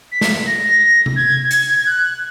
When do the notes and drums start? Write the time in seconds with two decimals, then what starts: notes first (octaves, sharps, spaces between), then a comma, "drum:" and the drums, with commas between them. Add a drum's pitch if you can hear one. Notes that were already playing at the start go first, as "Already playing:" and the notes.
0.11 B6
0.21 drum: snare
0.46 A#6
0.63 A#6
1.06 drum: tom C3
1.16 G#6
1.51 G#6, drum: hi-hat
1.86 F#6